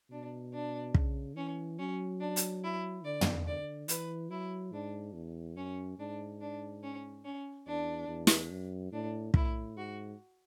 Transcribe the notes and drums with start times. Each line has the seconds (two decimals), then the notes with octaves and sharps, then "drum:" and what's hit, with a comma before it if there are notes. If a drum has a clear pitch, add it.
0.10 B2 D4
0.52 D4
0.94 C#3, drum: kick
1.36 E3 C#4
1.78 F#3 C#4
2.20 D4
2.36 drum: hi-hat
2.63 E4
3.04 D3 D5
3.21 drum: tom
3.46 D3 D5
3.88 E3 B4, drum: hi-hat
4.30 F#3 E4
4.72 G#2 D4
5.14 E2
5.56 F#2 C#4
5.98 G#2 D4
6.40 D4
6.82 C#4
7.24 C#4
7.67 E2 D4
8.08 E2
8.27 drum: snare
8.51 F#2
8.92 A2 D4
9.34 A2 E4, drum: kick
9.76 G#2 F#4